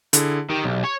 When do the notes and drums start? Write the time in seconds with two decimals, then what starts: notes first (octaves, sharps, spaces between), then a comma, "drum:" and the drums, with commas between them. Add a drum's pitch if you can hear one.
0.13 D3 E4 G#4, drum: hi-hat
0.50 D#3 G4
0.64 B1
0.84 C#5